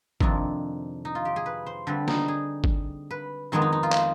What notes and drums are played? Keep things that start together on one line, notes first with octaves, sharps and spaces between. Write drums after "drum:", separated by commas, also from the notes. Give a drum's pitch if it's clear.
F2 C3 D#3 D4, drum: kick
D#4
F4
G4
G#4
B4
C5
D3 G3 C4 B4
D#4, drum: snare
G#4
drum: kick
B4
F2 D#3 G#3 B3 G#4
D#4
D#4
F4
drum: clap